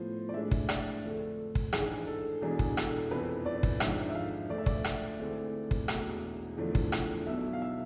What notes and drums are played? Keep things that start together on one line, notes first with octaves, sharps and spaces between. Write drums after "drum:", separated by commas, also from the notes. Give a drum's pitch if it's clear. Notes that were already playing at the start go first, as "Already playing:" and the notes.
Already playing: A2 F3 B3 C5
D5
A2 G#3 D4 E5
drum: kick
D5, drum: rim click
F2 D3 A3
drum: kick
G#1 G#2 E3 G#3 D4 G#4, drum: rim click
A4
E1 E2 B2 G#3 D4 G#4
drum: kick
A4, drum: rim click
F1 F2 E3 B3 E4 B4
D5
drum: kick
G#1 G#2 F3 G#3 D4 E5, drum: rim click
E5
F5
D2 D3 F3 D5
E5
D5, drum: kick
drum: rim click
D2 D3 G#3 C4 E4
drum: kick
E1 E2 B2 A3 E4, drum: rim click
E2 D3 F3 A3 D4
drum: kick
drum: rim click
B1 B2 B3 E4 E5
F5
E5